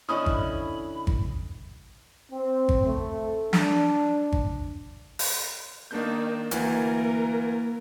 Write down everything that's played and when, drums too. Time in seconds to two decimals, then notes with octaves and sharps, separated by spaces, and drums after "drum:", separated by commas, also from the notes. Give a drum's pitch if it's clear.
0.09 D3 C#4 E4 D#5 B5 D#6
0.26 drum: kick G#1
1.07 drum: kick G#1
2.32 C4
2.69 drum: kick G#1
2.86 A3
3.53 D4, drum: snare
4.32 drum: kick G#1
5.19 drum: open hi-hat
5.91 D#3 A#3 D4 G6
6.51 D2 E3 A#3 A#4 B4, drum: hi-hat